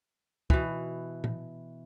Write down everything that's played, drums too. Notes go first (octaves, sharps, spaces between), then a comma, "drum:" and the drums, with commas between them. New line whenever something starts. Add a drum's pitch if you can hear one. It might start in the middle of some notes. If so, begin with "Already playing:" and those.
B2 E3, drum: kick
drum: tom A#2